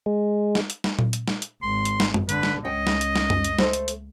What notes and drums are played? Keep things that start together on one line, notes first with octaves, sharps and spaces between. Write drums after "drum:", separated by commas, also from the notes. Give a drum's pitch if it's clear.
G#3
drum: snare
drum: hi-hat
drum: snare
drum: tom A#2
drum: hi-hat
drum: snare
drum: hi-hat
G#1 C6
drum: hi-hat
drum: snare
drum: tom F#2
D3 B4, drum: hi-hat
drum: snare
C#2 C#4 D#5 G5
drum: snare
drum: hi-hat
drum: snare
drum: tom F#2
drum: hi-hat
A3 A4 C5, drum: snare
drum: hi-hat
drum: hi-hat